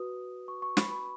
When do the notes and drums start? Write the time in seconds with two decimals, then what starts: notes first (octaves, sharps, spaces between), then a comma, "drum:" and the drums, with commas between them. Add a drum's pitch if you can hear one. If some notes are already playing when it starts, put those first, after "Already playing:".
Already playing: F#4 B4 D#6
0.48 C#6
0.62 C#6
0.77 B5, drum: snare
0.92 B5